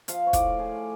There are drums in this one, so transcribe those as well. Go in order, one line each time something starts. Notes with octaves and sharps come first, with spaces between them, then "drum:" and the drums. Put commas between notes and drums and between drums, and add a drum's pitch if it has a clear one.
F3 F5, drum: hi-hat
C#5
A2 D5, drum: kick, hi-hat
A2 G#4